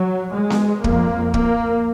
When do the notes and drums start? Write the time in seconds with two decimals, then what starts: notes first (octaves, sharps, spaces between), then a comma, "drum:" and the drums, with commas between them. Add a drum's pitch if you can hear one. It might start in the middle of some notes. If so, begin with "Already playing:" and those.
Already playing: F#3
0.34 G#3
0.50 drum: snare B3
0.84 F2 A#3, drum: kick
1.34 A#3, drum: kick